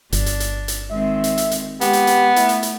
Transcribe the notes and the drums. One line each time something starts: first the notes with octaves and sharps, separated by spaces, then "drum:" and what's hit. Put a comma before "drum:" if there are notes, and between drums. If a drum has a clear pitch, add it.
G1 D4, drum: hi-hat
drum: hi-hat
drum: hi-hat
drum: hi-hat
D#3 G#3 C4 E5
drum: hi-hat
drum: hi-hat
drum: hi-hat
G#3 B3 G4, drum: hi-hat
drum: hi-hat
drum: hi-hat
A3 E4, drum: hi-hat
drum: hi-hat
drum: hi-hat